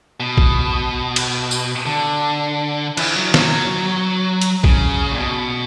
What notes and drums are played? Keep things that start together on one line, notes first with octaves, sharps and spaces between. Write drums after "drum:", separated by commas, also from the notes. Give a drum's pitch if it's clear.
B2
drum: kick
drum: cymbal
drum: tambourine
D3
E3, drum: cymbal
F#3
F#3, drum: snare
drum: hi-hat
C#3, drum: kick
A#2
B2